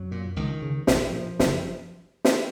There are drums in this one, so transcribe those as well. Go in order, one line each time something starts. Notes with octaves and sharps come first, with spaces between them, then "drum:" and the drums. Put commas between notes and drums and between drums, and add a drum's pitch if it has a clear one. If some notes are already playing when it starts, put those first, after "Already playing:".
Already playing: F#2 F#3
A#2
C#2 D#3
C#3
A#1 F3, drum: snare
A#2
F#1, drum: snare
drum: snare